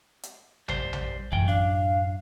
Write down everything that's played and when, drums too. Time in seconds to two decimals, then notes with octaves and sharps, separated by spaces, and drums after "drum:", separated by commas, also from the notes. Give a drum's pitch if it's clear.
0.23 drum: hi-hat
0.68 G3 C5, drum: tom A#1
0.93 drum: tom A#1
1.32 A1 F#2 E3 G5
1.48 D4 F5